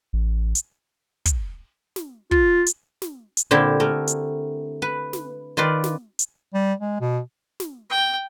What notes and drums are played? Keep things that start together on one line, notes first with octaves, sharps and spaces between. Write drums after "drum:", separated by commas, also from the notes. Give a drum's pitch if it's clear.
A1
drum: hi-hat
drum: kick, hi-hat
drum: snare
F4, drum: kick
drum: hi-hat
drum: snare
drum: hi-hat
A#2 D3 C4 E4 G4
A3 A#4
drum: hi-hat
B4
drum: snare
D#3 F4 B4 D5
drum: snare
drum: hi-hat
G3
G#3
B2
drum: snare
G5